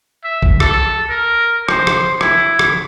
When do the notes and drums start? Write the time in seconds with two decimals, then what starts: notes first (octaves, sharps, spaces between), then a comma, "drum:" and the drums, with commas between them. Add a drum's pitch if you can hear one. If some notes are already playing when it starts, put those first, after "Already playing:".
0.24 E5
0.42 drum: kick C2
0.60 A4, drum: rim click
1.09 A#4
1.69 C5, drum: rim click
1.87 drum: rim click
2.21 E4, drum: rim click
2.59 drum: rim click